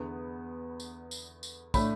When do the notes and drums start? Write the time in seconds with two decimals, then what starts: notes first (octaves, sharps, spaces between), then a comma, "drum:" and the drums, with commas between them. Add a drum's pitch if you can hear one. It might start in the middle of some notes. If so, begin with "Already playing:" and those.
Already playing: E2 D3 B3
0.80 drum: tambourine
1.11 drum: tambourine
1.43 drum: tambourine
1.74 A2 A3 D4 B5, drum: kick, tambourine